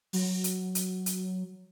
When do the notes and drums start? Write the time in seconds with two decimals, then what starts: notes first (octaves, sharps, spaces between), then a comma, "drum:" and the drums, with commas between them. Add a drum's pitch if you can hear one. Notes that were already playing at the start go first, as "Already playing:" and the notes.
0.13 F#3, drum: open hi-hat
0.44 drum: hi-hat
0.75 drum: hi-hat
1.06 drum: hi-hat